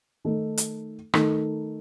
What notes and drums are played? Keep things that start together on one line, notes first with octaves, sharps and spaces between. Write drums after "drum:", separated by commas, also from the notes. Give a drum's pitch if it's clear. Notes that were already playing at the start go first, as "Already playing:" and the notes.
D#3 A3 D#4 A4
drum: hi-hat
D#3 A3 D#4 A4, drum: rim click